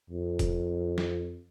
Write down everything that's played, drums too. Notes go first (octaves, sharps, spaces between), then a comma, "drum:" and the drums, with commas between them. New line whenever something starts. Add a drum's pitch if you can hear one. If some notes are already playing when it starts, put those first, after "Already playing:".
F2
drum: kick F#1, hi-hat
drum: snare